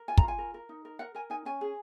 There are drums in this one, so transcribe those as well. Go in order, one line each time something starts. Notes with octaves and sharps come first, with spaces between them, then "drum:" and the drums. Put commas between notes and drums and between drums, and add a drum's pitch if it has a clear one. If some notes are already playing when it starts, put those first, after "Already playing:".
Already playing: A#4
F4 G#5
A#5, drum: kick
F4
G#5
A#4
A#4
D#4
A#4
A#4 F#5
A#4 G#5
D#4 G#5
C#4 G#5
G#4